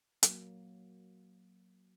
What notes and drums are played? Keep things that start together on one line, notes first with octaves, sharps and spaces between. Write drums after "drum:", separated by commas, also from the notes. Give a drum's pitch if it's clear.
F#3 A#3, drum: hi-hat